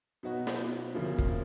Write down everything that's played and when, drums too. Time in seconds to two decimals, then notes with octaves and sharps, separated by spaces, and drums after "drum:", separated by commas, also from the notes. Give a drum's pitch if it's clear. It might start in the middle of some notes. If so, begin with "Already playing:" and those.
0.23 B2 F#3 B3 D#4 F#4
0.47 drum: snare
0.95 D2 C#3 F3 A#3
1.18 drum: kick